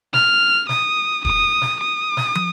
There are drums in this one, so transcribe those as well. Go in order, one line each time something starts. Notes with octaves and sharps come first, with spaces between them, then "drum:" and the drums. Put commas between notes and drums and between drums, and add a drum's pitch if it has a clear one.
F6, drum: snare
D#6, drum: snare
D#6, drum: kick D#1
drum: snare
D#6
drum: snare
drum: tom